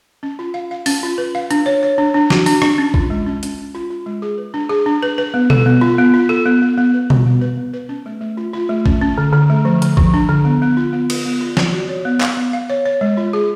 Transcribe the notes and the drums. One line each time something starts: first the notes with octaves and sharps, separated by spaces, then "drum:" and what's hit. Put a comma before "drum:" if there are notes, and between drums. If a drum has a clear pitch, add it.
C#4
F4
F5
F5
C#4, drum: open hi-hat
F4
B4
F5
D4, drum: hi-hat
C#5
C#5
D4
D4
F#4, drum: snare
D4, drum: open hi-hat
D4, drum: rim click
C#4
F4, drum: kick
G#3
C#4
C#4, drum: hi-hat
C#4
F4
F4
G#3
G#4
B4
D4
G#4
D4
B4
B4
B3
A4, drum: tom B2
B3
F4
B3
F4
A4
B3
B3
B3
B4
F#4, drum: tom B2
B3
B4
B3
B4
C#4
A3
A3
F4
F4
A3
C#4, drum: kick
C#4
D3
D3
A3
F3
D3, drum: hi-hat
F3, drum: kick
D4
D3
B3
B3
F4
B3
F4, drum: cymbal
B3
F4
D5, drum: snare
F#4
C#5
B3
F5, drum: clap
B3
F5
C#5
C#5
G#3
F4
G#4